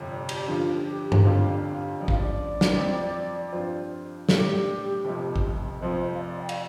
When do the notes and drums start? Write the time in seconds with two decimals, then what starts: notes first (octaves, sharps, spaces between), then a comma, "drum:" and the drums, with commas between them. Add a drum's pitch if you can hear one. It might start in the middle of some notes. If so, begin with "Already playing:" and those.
Already playing: G1 F2 C3
0.10 D5
0.29 G4, drum: cymbal
0.48 G2 D3 F3 F4
0.86 G4
1.12 drum: tom G2
1.24 G1 F2 D3 G3 F4 F5
2.00 A1 G2 F3 D5
2.08 F5, drum: kick
2.16 D5
2.61 drum: snare
2.76 F2 F3 C4
3.52 G2 F3 C4 F4
4.29 A2 G3 D4 G4, drum: snare
5.05 F1 F2 F3
5.36 drum: kick
5.80 F1 F2 F3 C5
6.14 F5
6.19 D5
6.40 G5
6.49 F5, drum: cymbal